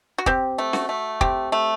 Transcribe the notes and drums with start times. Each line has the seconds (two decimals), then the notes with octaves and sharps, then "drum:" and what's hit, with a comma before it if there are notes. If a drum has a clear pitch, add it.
0.18 F#4
0.26 C4 G4, drum: kick
0.58 A3
0.73 F#4, drum: snare C#4
0.89 A3
1.21 C4 G4, drum: kick
1.52 A3